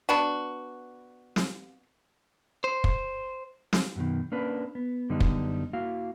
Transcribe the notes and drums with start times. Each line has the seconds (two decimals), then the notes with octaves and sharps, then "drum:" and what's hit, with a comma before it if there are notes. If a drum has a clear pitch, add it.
0.09 B3 D4 F#4
1.36 drum: snare
2.64 C5
2.84 drum: kick
3.73 drum: snare
3.96 F#2 B2 D#3
4.32 A#3 C#4 D4 B4
4.75 B3
5.10 F#2 D3 G3 B3 D4 D#4
5.20 drum: kick
5.73 A#3 E4 F#4 F5